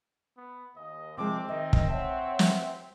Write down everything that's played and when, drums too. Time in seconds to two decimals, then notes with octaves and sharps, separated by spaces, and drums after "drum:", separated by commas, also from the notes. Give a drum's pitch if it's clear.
0.37 B3
0.76 D#2 D#5
1.17 C3 F3 G#3 C4 D6
1.48 D#3 D#5 E5
1.73 drum: kick
1.89 C#5 E5 F#5 A5
2.39 drum: snare